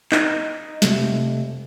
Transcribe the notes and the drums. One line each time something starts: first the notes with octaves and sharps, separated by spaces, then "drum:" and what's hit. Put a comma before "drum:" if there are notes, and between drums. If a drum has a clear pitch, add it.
D#4, drum: clap
C3 A3, drum: snare